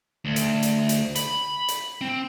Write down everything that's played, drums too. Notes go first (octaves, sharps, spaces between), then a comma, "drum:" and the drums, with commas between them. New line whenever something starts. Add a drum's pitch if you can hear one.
D2
drum: hi-hat
drum: hi-hat
drum: hi-hat
B5, drum: hi-hat
drum: hi-hat
C4